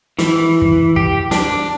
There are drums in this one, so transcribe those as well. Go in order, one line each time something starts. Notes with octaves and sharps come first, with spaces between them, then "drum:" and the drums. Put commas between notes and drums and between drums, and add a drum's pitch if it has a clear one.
E3, drum: snare
drum: kick
G4, drum: kick
D4, drum: snare